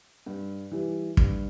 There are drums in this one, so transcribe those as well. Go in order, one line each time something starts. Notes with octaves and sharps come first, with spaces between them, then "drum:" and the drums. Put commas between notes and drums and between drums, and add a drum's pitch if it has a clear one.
G2
E3 G3
G2, drum: kick